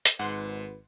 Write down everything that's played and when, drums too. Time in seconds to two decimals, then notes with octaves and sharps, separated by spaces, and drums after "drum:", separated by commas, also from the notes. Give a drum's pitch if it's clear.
0.05 drum: hi-hat
0.19 G#1 G#2 B4 F#5 C6